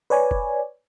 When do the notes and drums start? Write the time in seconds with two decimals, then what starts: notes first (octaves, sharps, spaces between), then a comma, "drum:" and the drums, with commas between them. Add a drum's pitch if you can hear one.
0.10 B4 C#5 D5 G#5
0.31 drum: kick F1